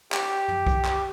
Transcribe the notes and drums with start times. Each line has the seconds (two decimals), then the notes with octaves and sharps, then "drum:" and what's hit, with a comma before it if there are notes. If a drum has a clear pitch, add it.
0.12 G4, drum: clap
0.48 drum: tom
0.67 drum: kick
0.85 drum: clap